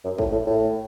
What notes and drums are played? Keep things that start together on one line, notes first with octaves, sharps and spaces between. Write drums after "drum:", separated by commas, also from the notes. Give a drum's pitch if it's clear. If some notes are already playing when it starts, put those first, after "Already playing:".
F#2
A2, drum: kick
A2
A2